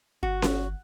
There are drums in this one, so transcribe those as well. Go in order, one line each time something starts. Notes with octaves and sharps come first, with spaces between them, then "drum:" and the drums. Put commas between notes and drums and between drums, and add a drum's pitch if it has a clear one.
G1 F#4
drum: snare C#4